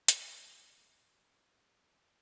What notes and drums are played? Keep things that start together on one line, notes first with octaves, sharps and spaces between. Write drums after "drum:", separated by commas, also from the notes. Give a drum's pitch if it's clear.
G3 C#5, drum: hi-hat